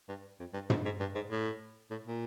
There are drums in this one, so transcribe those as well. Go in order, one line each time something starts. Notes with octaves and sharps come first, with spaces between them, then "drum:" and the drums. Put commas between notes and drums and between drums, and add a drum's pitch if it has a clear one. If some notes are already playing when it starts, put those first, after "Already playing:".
G2
F2
G2
G#2, drum: tom
G#2
G2
G#2
A2
A2
A#2